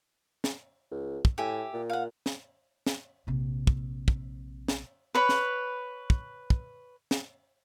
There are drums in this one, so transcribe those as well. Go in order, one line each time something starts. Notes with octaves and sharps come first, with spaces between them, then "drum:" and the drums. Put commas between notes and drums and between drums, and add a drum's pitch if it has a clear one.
drum: snare
C#2
drum: kick
A2 G4 E5 G#5
A#2
F5 F#5
drum: snare
drum: snare
A#1 C3
drum: kick
drum: kick
drum: snare
B4 C#5 B5
drum: snare
drum: kick
drum: kick
drum: snare